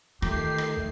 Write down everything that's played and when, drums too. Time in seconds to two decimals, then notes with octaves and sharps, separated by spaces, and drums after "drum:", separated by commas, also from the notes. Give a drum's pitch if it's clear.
0.22 D#3 A3 F4 G4 C7, drum: rim click
0.58 drum: rim click
0.76 drum: kick